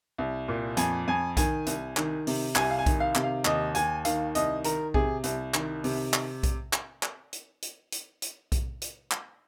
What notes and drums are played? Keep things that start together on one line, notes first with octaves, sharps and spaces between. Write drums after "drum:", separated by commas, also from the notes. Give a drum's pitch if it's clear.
C2
A#2
F2 G#5, drum: hi-hat
F2 G#5
D#3 G#5, drum: kick B1, hi-hat
C2, drum: hi-hat
D#3, drum: clap
C3, drum: open hi-hat
C2 G#5, drum: clap
F5
G#5
D#3, drum: kick B1, hi-hat
F5
C3, drum: clap
F5
D#2 D#5, drum: clap
D#2 G#5, drum: hi-hat
D#3 F5, drum: hi-hat
C2 D#5, drum: hi-hat
D#3 A#4, drum: hi-hat
C3 G#4, drum: kick B1
C2, drum: hi-hat
D#3, drum: clap
C3, drum: open hi-hat
drum: clap
drum: kick B1, hi-hat
drum: clap
drum: clap
drum: hi-hat
drum: hi-hat
drum: hi-hat
drum: hi-hat
drum: kick B1, hi-hat
drum: hi-hat
drum: clap